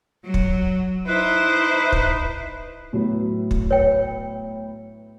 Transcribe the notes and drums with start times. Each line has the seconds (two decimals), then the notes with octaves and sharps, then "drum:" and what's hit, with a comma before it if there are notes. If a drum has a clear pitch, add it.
0.24 F#3
0.34 drum: kick
1.07 D#4 E4 B4 C5
1.92 drum: kick
2.93 A2 F#3 B3
3.51 drum: kick
3.71 C#5 G5